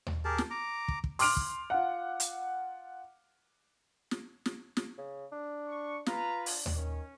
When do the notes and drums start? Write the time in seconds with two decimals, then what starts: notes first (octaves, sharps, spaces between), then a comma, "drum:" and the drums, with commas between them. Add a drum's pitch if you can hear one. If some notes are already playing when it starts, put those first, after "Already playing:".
0.06 drum: tom D#2
0.25 G4 G#4 A#4 A5
0.38 drum: snare
0.50 A#5 D6
0.88 drum: kick
1.04 drum: kick
1.19 C6 D6 F6 D7 F7, drum: open hi-hat
1.37 drum: kick
1.70 F4 F#5
2.20 drum: hi-hat
4.11 drum: snare
4.46 drum: snare
4.77 drum: snare
4.98 C#3
5.32 D4
5.67 C#6
6.06 F4 B4 A#5, drum: snare
6.46 D4, drum: open hi-hat
6.66 drum: tom D#2
6.76 D#3 C#4